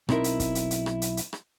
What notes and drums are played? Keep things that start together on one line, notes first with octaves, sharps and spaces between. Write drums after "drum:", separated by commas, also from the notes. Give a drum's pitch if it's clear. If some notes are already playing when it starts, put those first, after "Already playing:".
B1 C4 D#4 E4 A#4, drum: rim click
drum: hi-hat
drum: kick, hi-hat
drum: hi-hat
drum: hi-hat
drum: rim click
drum: hi-hat
drum: hi-hat
drum: rim click